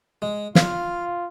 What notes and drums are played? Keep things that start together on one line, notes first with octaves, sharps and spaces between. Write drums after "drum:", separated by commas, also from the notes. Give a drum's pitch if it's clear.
G#3
F4 F5, drum: snare